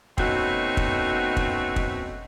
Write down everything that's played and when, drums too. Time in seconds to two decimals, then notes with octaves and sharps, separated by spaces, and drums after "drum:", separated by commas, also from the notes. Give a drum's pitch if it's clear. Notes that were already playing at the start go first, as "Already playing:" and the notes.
0.18 B2 A3 C4 C#4 D#4 F#4, drum: kick
0.77 drum: kick
1.37 drum: kick
1.76 drum: kick